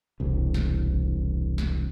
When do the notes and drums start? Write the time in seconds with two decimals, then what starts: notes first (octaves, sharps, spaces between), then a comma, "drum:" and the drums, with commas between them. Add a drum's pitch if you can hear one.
0.20 E1 C2
0.54 drum: snare
0.89 drum: kick G1
1.58 drum: snare